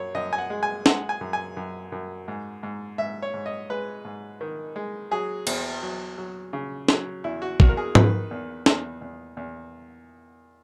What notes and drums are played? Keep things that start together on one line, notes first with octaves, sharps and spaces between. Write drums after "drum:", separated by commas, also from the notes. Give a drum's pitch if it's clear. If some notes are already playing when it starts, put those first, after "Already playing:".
Already playing: F#2 C#5
F#2 D#5
G#5
F#5
G#3
G#5
G#3 F#5, drum: snare
G#5
F#2
G#5
F#2
F#2
G#2
G#2
G#2 E5
C#5
G#2
D#5
G#3 B4
G#2
D#3
G#3
F#3 G#4
E2, drum: cymbal
F#3
F#3
C#3
F#3, drum: snare
E2 E4
F#4
E2 F#4, drum: kick
A#4
G#4
D#3 B4, drum: tom G#2
E2
E2, drum: snare
E2
E2